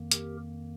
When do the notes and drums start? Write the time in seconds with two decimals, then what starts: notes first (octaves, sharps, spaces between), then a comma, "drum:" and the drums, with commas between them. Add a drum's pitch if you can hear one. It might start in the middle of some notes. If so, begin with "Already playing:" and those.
Already playing: F2 D#3 A#3
0.11 G4 A#4, drum: hi-hat